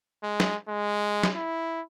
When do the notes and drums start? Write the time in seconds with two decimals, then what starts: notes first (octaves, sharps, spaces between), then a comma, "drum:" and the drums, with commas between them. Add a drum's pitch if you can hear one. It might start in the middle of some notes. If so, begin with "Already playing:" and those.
0.23 G#3
0.40 drum: snare
0.68 G#3
1.23 drum: snare
1.36 E4